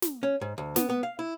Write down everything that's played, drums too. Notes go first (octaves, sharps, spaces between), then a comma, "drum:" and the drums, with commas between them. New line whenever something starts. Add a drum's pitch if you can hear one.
drum: snare
C#4
G#2
D2
B3, drum: snare
B3
F5
E4